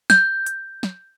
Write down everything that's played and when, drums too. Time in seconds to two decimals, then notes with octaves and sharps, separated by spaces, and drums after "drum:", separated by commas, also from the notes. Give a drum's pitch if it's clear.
0.10 G6, drum: snare
0.46 drum: hi-hat
0.83 drum: snare